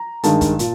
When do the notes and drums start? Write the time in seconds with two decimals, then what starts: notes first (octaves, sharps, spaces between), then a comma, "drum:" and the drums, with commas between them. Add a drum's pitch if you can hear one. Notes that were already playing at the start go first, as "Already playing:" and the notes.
Already playing: A#5
0.23 G2 D#3 G#3 A5, drum: hi-hat
0.41 drum: kick, hi-hat
0.59 A#2, drum: hi-hat